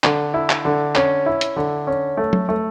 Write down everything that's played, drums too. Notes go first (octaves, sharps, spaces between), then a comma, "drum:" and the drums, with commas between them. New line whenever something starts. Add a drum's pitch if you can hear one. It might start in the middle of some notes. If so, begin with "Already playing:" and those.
D3, drum: clap
E4
drum: clap
D3
C#4, drum: clap
E4
drum: hi-hat
D3
C#4
A3
drum: tom F#3
A3